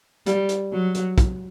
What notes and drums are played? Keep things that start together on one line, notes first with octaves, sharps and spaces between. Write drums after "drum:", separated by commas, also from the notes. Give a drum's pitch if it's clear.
G3, drum: hi-hat
drum: hi-hat
F#3
drum: hi-hat
drum: kick, hi-hat